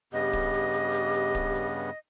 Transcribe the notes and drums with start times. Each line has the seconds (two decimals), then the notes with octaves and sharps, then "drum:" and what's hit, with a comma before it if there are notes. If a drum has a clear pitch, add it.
0.13 G2 C#3 B3 G4 D#5
0.33 drum: kick D1, hi-hat
0.54 drum: hi-hat
0.74 drum: hi-hat
0.94 drum: hi-hat
1.14 drum: hi-hat
1.35 drum: kick D1, hi-hat
1.55 drum: hi-hat